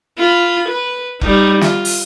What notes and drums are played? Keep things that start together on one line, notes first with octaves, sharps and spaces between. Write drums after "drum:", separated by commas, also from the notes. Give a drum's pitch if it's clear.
F4 B5
B4
G3 D#4, drum: kick F1
F4, drum: snare
drum: open hi-hat